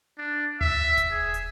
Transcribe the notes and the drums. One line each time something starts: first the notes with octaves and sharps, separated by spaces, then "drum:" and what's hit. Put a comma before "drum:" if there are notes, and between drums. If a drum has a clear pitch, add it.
D4
E5, drum: tom D2
drum: kick E1, hi-hat
G#4
drum: hi-hat